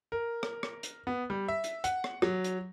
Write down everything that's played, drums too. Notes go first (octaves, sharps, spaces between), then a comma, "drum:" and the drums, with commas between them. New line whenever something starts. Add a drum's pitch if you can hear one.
A#4
drum: rim click
drum: rim click
drum: hi-hat
B3
G3
E5
drum: hi-hat
F#5, drum: hi-hat
drum: rim click
F#3, drum: rim click
drum: hi-hat